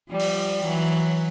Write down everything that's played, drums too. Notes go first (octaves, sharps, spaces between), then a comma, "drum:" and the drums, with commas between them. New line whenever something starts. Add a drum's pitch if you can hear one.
F3 G3
drum: open hi-hat
E3 F#3